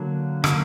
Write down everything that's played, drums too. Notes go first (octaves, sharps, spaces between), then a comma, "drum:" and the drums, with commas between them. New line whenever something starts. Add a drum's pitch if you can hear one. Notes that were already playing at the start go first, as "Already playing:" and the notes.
Already playing: D3 F#3 A#3
D3 F#3 A#3, drum: rim click